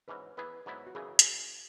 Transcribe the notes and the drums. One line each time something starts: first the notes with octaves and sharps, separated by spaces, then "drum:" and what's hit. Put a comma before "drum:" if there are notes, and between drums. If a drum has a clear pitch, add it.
G#2 E3 C#4 F#4 B4
E3 B3 E4 G#4 B4
G#2 F#3 B3 E4
F#4
F#2 C#3 E3 G#4
drum: hi-hat